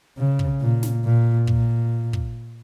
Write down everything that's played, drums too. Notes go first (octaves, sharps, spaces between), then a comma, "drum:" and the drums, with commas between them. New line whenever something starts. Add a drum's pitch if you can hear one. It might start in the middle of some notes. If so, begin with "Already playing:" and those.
C#3
drum: kick
A#2
drum: snare
A#2
A#2, drum: kick
drum: kick